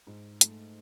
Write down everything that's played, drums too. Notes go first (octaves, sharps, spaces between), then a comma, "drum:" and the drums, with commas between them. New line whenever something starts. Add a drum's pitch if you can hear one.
G#2
A3, drum: hi-hat